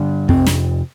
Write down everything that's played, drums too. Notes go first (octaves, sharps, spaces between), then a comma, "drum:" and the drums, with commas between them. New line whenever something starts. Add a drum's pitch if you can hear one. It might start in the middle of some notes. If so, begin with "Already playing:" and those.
Already playing: G2 D3
F2 C3 C4, drum: kick
drum: snare